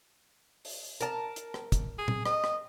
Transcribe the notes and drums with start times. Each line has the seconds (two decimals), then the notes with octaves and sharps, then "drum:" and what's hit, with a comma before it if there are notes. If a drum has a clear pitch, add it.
0.65 drum: open hi-hat
1.01 A#4 A5, drum: hi-hat
1.36 drum: hi-hat
1.54 drum: rim click
1.72 drum: kick, hi-hat
1.98 G#4
2.08 drum: tom A#2
2.25 D#5, drum: rim click
2.44 drum: rim click